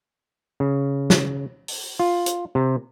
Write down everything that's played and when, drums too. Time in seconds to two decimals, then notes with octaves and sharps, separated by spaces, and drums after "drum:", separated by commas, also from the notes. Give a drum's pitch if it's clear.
0.60 C#3
1.10 drum: snare
1.68 drum: open hi-hat
1.99 F4
2.26 drum: hi-hat
2.55 C3